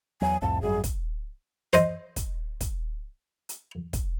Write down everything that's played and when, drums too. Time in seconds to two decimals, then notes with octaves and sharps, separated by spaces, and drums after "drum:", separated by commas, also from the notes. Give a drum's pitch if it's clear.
0.22 E2 F#3 G#5
0.42 C2 F2 A2 A5
0.61 G#1 F#2 G3 G#4
0.84 drum: kick, hi-hat
1.73 C5 D#5, drum: hi-hat
2.16 drum: kick, hi-hat
2.60 drum: kick, hi-hat
3.49 drum: hi-hat
3.93 drum: kick, hi-hat